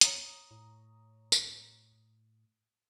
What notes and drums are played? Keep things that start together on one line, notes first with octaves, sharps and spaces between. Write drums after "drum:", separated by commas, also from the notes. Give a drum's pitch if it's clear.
C#5 A#5 D#6, drum: hi-hat
A2
drum: tambourine